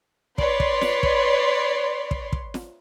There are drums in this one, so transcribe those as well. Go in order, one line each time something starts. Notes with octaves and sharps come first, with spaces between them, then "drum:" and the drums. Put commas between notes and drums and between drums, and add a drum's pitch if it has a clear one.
B4 C#5 D5 C6, drum: kick
drum: kick
drum: snare
drum: kick
drum: kick
drum: kick
drum: snare